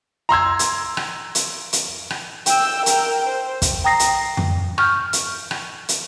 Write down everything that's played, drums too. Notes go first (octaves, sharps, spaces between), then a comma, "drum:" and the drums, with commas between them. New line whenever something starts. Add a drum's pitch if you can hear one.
A#5 C6 E6 G#6
drum: hi-hat
drum: rim click
drum: hi-hat
drum: hi-hat
drum: rim click
G5 E6, drum: hi-hat
A#4 G5, drum: hi-hat
C5
drum: kick, hi-hat
G5 A#5 D#6 A#6 C7
drum: hi-hat
drum: tom F2
C#6 F6 G6, drum: rim click
drum: hi-hat
drum: rim click
drum: hi-hat